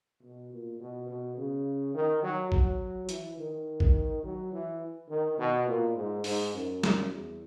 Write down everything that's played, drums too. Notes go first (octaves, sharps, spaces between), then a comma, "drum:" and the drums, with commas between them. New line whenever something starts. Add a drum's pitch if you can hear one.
B2
A#2
B2
B2
C#3
D#3
F#3
F#3, drum: kick G#1
E3, drum: hi-hat
D#3
drum: kick G#1
F#3
E3
D#3
B2
A#2
G#2
G#2, drum: open hi-hat
F#2
drum: snare
E2